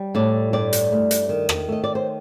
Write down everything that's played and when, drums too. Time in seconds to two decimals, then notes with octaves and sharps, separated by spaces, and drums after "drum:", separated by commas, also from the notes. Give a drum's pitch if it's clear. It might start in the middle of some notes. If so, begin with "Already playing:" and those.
Already playing: G3
0.15 A2 D5
0.53 G2 D5
0.73 drum: hi-hat
0.92 A3
1.11 drum: hi-hat
1.29 D#3
1.49 drum: rim click
1.68 A3 D#5
1.84 D5
1.95 C5